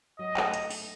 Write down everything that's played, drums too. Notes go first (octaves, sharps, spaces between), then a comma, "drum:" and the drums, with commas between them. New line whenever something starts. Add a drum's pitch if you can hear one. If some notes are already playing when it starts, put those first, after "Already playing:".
F#3 D#5
A3, drum: clap
A3, drum: hi-hat
A3, drum: open hi-hat